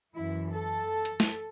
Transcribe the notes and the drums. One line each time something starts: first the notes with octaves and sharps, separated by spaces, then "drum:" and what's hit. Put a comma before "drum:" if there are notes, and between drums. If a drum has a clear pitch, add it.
F#2 E3 E4
A4
drum: hi-hat
drum: snare